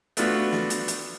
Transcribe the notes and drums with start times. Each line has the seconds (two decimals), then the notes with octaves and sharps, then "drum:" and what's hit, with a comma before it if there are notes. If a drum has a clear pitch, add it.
0.17 A3 B3 D4 F4 F#4, drum: hi-hat
0.52 drum: snare
0.70 drum: hi-hat
0.88 drum: hi-hat